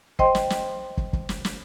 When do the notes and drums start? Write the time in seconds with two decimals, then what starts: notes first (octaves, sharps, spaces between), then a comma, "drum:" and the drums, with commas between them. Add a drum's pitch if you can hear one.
0.19 C5 D#5 G5 C6, drum: kick
0.35 drum: snare
0.50 drum: snare
0.97 drum: kick
1.13 drum: kick
1.29 drum: snare
1.45 drum: snare